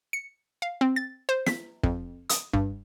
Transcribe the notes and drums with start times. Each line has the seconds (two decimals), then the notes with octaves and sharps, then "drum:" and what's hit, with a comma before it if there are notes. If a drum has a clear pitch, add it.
0.13 C#7
0.62 F5
0.81 C4
0.96 A6
1.29 C5
1.46 B6, drum: snare
1.83 F2, drum: kick
2.30 D#6, drum: hi-hat
2.53 G2, drum: kick